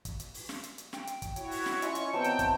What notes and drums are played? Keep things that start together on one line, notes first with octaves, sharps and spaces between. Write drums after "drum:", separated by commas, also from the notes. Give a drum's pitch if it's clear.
drum: kick, hi-hat
drum: hi-hat
drum: open hi-hat
drum: snare
drum: hi-hat
drum: hi-hat
G5, drum: snare
drum: hi-hat
drum: kick, hi-hat
E4 F#4 C#5, drum: hi-hat
drum: open hi-hat
drum: snare
C#4 E4 F4 D#5 G#5 C#6, drum: hi-hat
drum: hi-hat
F#3 B3 C4 G5 A5
drum: hi-hat
drum: kick, hi-hat